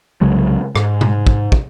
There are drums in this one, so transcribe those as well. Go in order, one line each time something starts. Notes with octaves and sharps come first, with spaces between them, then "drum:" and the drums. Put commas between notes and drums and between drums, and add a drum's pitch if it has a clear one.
C2 C#3 F#3 G#3
G#2, drum: rim click
drum: tom
drum: kick
drum: kick